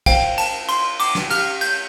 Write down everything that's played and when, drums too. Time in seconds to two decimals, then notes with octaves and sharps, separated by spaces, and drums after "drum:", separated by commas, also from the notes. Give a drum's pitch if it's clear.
0.06 C5 F5 G5, drum: kick, cymbal
0.38 A5, drum: cymbal
0.69 C6, drum: cymbal
1.00 D6, drum: cymbal
1.15 drum: snare
1.31 G4 F5 F6, drum: cymbal
1.61 G6, drum: cymbal